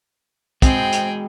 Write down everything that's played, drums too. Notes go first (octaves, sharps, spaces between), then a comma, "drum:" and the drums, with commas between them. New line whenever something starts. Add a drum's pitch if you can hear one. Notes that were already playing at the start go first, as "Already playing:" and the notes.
G#3 C4 F#4 G#4 D#5 G5, drum: kick, hi-hat
drum: hi-hat